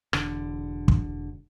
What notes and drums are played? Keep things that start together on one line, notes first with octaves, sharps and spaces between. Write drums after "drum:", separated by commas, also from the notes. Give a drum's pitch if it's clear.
E1 D3, drum: rim click
drum: kick